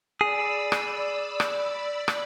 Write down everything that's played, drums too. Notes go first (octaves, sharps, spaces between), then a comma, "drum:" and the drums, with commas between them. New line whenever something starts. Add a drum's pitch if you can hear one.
G#4 D5 B5 E6
drum: rim click
drum: rim click
drum: rim click